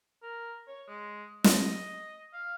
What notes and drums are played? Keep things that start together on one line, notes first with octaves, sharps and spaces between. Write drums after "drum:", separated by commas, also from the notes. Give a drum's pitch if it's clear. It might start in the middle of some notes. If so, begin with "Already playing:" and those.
A#4
C#5
G#3
D#5, drum: snare
F5